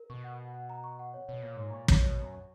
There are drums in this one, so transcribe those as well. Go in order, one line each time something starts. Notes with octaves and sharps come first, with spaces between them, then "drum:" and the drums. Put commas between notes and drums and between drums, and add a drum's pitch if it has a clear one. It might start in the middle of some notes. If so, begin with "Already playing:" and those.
Already playing: A#4
B2 C#6
F#5
F#5
F#5
A#5
C#6
F#5
C#5
B2 C#5
A#2 C#5
G#2 C#5
A#2 C#6
B2 C#5, drum: kick
C#5
F#2 C#5
C#6